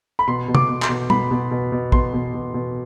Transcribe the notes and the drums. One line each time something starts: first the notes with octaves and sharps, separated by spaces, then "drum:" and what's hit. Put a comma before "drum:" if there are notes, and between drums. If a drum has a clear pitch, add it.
B5
B2 C6
B2
D6, drum: tom
B2
C6, drum: clap
B2
B2 B5, drum: tom
B2
B2
B2
B2 C6, drum: kick
B2
B2
B2